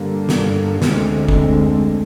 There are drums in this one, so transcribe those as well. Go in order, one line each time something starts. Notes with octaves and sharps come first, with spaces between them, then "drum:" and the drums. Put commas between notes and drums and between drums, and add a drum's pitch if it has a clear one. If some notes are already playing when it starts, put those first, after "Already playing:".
Already playing: G2 D3 G3 A#3
drum: snare
D2 D3 G#3 C4, drum: snare
drum: kick F#1